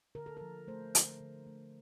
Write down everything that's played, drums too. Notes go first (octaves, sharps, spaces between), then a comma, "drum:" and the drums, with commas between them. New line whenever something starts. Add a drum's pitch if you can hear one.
D3 A#4
A4
F3 A#4
A3 C5
D3, drum: hi-hat
D3
A3